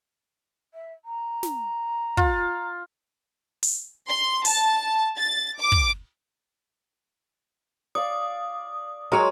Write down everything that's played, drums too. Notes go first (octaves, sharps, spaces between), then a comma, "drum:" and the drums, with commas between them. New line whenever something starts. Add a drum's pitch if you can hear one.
E5
A#5
drum: snare
F4, drum: kick
drum: open hi-hat
C6
A5, drum: open hi-hat
A6
D6
drum: kick
D5 F5 D#6
F#3 G#3 A#4 C#5 A#5 C6